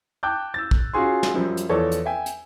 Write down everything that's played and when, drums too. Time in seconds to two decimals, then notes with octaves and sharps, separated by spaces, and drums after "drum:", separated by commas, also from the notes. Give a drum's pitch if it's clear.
0.23 G5 A5 D6 F#6 G6
0.54 E6 A6
0.71 drum: kick A#1
0.93 C#4 F4 F#4 G#4 C6
1.23 drum: snare
1.34 F#2 F3 G3
1.57 drum: hi-hat
1.69 E2 F3 A4 C#5 D5
1.92 drum: hi-hat
2.06 E5 G5 G#5
2.26 drum: hi-hat